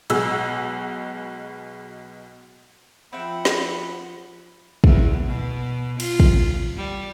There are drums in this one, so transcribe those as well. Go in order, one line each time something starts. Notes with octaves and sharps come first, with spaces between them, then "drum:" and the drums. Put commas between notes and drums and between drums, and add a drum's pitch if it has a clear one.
B1 B2 G#3 G#4 E6, drum: hi-hat
F3 C4 E5 F#5 G5 B5
drum: snare
E2, drum: kick
B2
F4, drum: cymbal
drum: kick
G3